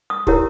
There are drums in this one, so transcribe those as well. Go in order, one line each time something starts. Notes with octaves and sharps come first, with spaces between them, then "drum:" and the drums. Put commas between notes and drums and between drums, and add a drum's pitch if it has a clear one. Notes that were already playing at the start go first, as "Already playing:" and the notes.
D#6
E4 G4 A#4 C#5, drum: kick